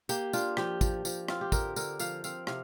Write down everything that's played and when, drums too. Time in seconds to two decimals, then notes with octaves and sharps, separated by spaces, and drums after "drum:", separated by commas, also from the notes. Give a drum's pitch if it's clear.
0.09 A#3 G4, drum: tambourine
0.33 D4 F4, drum: tambourine
0.57 F3 G4, drum: rim click
0.81 F3, drum: kick, tambourine
1.05 F3, drum: tambourine
1.28 C4 F4, drum: rim click
1.41 G4
1.52 D3 A#4, drum: kick, tambourine
1.76 D3 A#4, drum: tambourine
1.99 F3 F5, drum: tambourine
2.24 C4 F5, drum: tambourine
2.47 C3 F5, drum: rim click